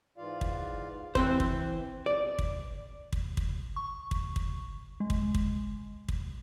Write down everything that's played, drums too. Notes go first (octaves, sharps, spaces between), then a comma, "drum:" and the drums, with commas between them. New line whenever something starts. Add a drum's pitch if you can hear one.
G#2 E3 F4 D5 F5
drum: kick
E3 C4 C5, drum: kick
drum: kick
D5
drum: kick
drum: kick
drum: kick
C#6
drum: kick
drum: kick
G#3
drum: kick
drum: kick
drum: kick